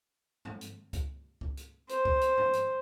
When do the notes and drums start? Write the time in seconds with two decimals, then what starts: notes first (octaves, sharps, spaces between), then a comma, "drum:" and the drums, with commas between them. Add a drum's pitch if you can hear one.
0.45 drum: tom
0.61 drum: hi-hat
0.93 drum: kick C#2, hi-hat
1.41 drum: kick C#2
1.57 drum: hi-hat
1.89 C5, drum: hi-hat
2.05 drum: kick C#2
2.21 drum: hi-hat
2.37 drum: tom
2.53 drum: hi-hat